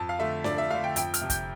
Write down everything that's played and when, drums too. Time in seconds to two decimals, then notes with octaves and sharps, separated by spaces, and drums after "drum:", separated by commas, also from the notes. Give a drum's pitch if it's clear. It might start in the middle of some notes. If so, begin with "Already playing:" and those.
Already playing: F2 A5
0.09 F5
0.19 D3 A3 E5
0.44 F2 D5, drum: snare D4
0.58 E5
0.70 D3 A3 F5
0.84 G5
0.96 F2 G5, drum: hi-hat
1.14 F6, drum: hi-hat
1.21 C3 F3
1.30 G6, drum: kick, hi-hat